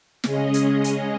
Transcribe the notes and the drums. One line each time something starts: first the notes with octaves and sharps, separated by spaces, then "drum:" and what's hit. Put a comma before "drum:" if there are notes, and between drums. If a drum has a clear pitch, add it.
C#3 G#3 C#4 G#4 D#5, drum: snare
drum: hi-hat
drum: hi-hat